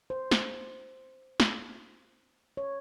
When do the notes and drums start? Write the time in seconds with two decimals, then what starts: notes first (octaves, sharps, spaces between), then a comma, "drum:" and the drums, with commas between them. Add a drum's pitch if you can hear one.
0.10 C5
0.31 drum: snare
1.40 drum: snare
2.57 C#5